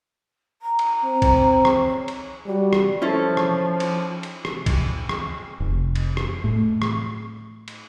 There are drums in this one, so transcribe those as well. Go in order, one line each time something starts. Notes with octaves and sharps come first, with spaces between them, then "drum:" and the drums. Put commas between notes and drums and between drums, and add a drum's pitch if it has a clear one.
A#5
drum: cymbal
C4
drum: kick, cymbal
drum: rim click
C#5
drum: cymbal
G3 F#4
drum: rim click
F3 C#4 E4 A4
drum: rim click
drum: cymbal
drum: cymbal
drum: rim click
drum: kick, cymbal
drum: rim click
F1
drum: cymbal
drum: rim click
A2
drum: rim click
drum: cymbal